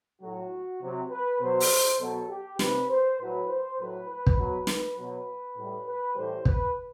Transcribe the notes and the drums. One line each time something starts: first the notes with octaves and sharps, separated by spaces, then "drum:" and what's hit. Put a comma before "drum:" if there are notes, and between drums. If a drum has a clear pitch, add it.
A2 F#3 F#4
C3 F#3
B4
B2 F#3 C5
drum: open hi-hat
B2 F#3 A4
G4
C3 G3 B4, drum: snare
C5
A2 F#3 B4
C5
A2 F#3 B4
B4
drum: kick
B2 F#3 B4
B4, drum: snare
B2 F#3 B4
A2 G3
B4
A2 E3 G3 C5
B4, drum: kick